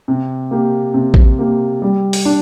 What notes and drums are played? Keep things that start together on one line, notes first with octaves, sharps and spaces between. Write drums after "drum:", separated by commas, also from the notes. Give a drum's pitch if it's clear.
C3
A#3 G4
C3
drum: kick
A#3 G4
G3
drum: open hi-hat
D4